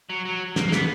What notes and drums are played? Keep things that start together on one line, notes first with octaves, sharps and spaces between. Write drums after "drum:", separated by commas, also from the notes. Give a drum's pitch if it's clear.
F#3
F#3
A#3, drum: snare
A#3
B3, drum: snare